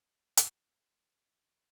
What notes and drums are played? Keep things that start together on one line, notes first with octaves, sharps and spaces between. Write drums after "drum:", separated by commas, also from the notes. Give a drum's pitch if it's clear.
drum: hi-hat
F4 B4 G5